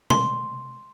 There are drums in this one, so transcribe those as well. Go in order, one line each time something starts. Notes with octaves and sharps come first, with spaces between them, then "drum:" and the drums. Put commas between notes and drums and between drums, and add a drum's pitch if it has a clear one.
C6, drum: tom B2